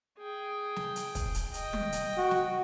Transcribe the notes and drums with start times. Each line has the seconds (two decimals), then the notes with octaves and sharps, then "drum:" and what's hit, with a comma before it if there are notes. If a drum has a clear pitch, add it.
0.19 G#4 G5
0.76 drum: snare
0.96 drum: hi-hat
1.15 drum: kick, hi-hat
1.34 drum: hi-hat
1.54 D#5 G5, drum: hi-hat
1.73 drum: tom
1.92 drum: hi-hat
2.17 F#4
2.31 drum: snare